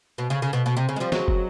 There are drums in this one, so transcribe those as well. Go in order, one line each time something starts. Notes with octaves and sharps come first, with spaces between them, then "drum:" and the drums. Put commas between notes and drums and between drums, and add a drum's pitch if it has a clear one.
B2
C#3
C#3
B2
B2
C3
C#3
G#3
F3 G3
F#3 G#3, drum: snare
drum: kick